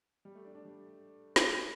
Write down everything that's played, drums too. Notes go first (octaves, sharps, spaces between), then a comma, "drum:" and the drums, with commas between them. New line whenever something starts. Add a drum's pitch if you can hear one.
G3
A3
D4
D4
G3
drum: snare